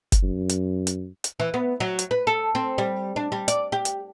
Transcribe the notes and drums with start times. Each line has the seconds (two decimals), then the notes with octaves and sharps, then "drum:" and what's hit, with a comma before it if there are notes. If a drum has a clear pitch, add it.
0.12 drum: kick F#1, hi-hat
0.23 F#2
0.49 drum: hi-hat
0.87 drum: hi-hat
1.24 drum: hi-hat
1.40 E3
1.54 B3
1.80 F#3
1.99 drum: hi-hat
2.11 B4
2.27 A4
2.55 C4
2.78 G3
3.16 D4
3.32 G3
3.48 D5, drum: hi-hat
3.72 G4
3.85 drum: hi-hat